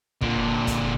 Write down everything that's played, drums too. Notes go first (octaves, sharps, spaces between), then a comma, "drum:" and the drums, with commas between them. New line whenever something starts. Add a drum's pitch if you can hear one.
A#2 D3, drum: kick
drum: kick, hi-hat